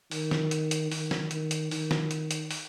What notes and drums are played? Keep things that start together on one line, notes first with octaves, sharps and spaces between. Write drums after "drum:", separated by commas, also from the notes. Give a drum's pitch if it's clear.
D#3, drum: open hi-hat
drum: snare
drum: hi-hat
drum: hi-hat
D#3, drum: open hi-hat
drum: snare
D#3, drum: hi-hat
drum: hi-hat
D#3, drum: open hi-hat
drum: snare
drum: hi-hat
drum: hi-hat
drum: open hi-hat